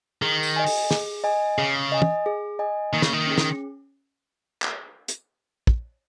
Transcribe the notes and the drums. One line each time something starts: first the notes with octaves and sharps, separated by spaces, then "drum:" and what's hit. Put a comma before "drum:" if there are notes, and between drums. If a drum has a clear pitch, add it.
D#3 G#4
drum: tambourine
D#5 G#5
drum: open hi-hat
G#4, drum: snare
D#5 G#5
C#3 G#4
D#5 G#5
drum: tom
G#4
D#5 G#5
D#3 A#3
C#3, drum: snare
D#3
C#4 G#4
drum: snare
drum: clap
drum: hi-hat
drum: kick